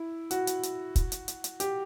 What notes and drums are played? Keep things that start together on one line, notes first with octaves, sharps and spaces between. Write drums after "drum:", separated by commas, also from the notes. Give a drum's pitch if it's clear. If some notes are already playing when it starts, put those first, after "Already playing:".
Already playing: E4
F#4, drum: hi-hat
drum: hi-hat
drum: hi-hat
drum: kick, hi-hat
drum: hi-hat
drum: hi-hat
drum: hi-hat
G4, drum: hi-hat